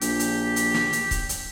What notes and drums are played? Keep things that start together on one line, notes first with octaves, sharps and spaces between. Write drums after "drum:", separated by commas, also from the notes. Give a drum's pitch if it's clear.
A#1 G4, drum: hi-hat
drum: hi-hat
drum: hi-hat
drum: snare
drum: hi-hat
drum: kick C#1, hi-hat
drum: hi-hat